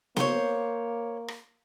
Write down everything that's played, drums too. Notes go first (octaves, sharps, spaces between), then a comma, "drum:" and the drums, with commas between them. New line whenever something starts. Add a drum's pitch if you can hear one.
A#3 C5 C#5, drum: snare B3
drum: rim click